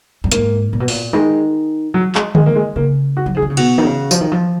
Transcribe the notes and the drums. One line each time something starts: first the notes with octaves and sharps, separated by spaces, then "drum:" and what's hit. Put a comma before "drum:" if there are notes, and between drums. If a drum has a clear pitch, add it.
F#2
G#2 A#3, drum: hi-hat
A#2
B2
A#2, drum: open hi-hat
D#3 G#3
F#3
G#3, drum: clap
G#3, drum: tom D3
A#3
G#3
C#3 A#3
F#4
F#3
F3 G#4
D#3
C#3
B2 F#4, drum: cymbal
D#3
C#3
F3, drum: tambourine
D#3
F3